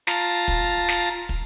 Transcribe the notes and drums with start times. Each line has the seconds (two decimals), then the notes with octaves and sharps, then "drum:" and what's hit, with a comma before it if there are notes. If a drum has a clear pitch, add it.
0.07 F4 A5 A#5, drum: snare
0.48 drum: kick
0.88 drum: snare
1.29 drum: kick